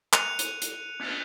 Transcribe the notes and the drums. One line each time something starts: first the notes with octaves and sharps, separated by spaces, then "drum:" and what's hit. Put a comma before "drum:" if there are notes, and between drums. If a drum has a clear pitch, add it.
F#6 C#7 D#7 F7, drum: clap
drum: hi-hat
drum: hi-hat
drum: cymbal